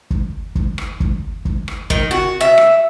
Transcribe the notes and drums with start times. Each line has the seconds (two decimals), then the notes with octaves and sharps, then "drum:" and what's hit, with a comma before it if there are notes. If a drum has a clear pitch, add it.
0.10 drum: kick
0.55 drum: kick
0.78 drum: rim click
1.00 drum: kick
1.45 drum: kick
1.68 drum: rim click
1.90 D#3, drum: kick
2.11 F#4
2.41 E5
2.58 drum: rim click